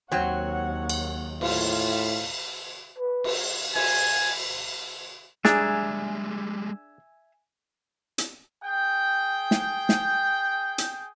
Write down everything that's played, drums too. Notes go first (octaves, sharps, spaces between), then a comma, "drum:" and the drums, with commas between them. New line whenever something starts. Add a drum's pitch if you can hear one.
D#2 F#3 C4 C#5 F#5
drum: cymbal
A2 F4 F5, drum: cymbal
B4
drum: cymbal
G#5, drum: cymbal
G3 G#3 D4 G#4 E5 G#5 A#5, drum: snare
drum: hi-hat
G#4 G5
drum: snare
drum: snare
drum: hi-hat